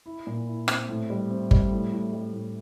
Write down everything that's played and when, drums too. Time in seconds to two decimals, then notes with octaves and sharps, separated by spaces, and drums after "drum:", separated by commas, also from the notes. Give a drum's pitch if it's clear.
0.06 E4
0.27 A#2
0.47 E4
0.68 C4, drum: rim click
0.89 A2
1.10 G3
1.30 C4
1.51 G3, drum: kick G1
1.72 A2
1.92 A2
2.13 G3
2.33 A2